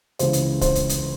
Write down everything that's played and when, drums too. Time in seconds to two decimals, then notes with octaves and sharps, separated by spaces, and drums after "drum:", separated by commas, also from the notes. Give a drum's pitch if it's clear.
0.19 C#2 C#3 E3 C5, drum: hi-hat
0.33 drum: hi-hat
0.61 C5, drum: kick, hi-hat
0.75 drum: hi-hat
0.89 drum: hi-hat